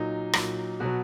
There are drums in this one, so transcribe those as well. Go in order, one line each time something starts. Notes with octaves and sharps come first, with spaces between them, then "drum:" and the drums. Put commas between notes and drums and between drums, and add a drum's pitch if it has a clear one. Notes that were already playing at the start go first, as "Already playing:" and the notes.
Already playing: A#2 F#3 D#4
A#2 F#3, drum: rim click
B2 F#3 F#4